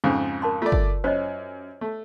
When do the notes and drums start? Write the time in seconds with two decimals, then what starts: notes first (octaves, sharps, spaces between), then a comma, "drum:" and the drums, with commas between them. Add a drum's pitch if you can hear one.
0.04 F2 G#2 C#3
0.42 A#4 A5 C6
0.62 A3 F4 D5
0.72 drum: kick
1.04 F#2 C5 C#5 D#5
1.81 A3